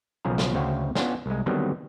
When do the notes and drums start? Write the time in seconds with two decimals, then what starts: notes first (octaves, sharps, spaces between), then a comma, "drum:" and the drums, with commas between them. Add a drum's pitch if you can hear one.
0.25 B1 C#3 F3 G#4 A#5
0.38 drum: snare
0.54 D2 C#3 F#4 C5 F5 G5
0.95 B3 C#4 D4 F4, drum: snare
1.26 C2 G#3
1.46 D3 D#3 F#3 G3 B3 C4